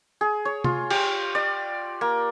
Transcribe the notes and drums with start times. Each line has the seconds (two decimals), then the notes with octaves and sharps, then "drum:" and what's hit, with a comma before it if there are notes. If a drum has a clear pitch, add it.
0.21 G#4
0.45 C#5
0.64 F4, drum: tom C3
0.90 G4, drum: cymbal
1.35 D5
2.01 A#3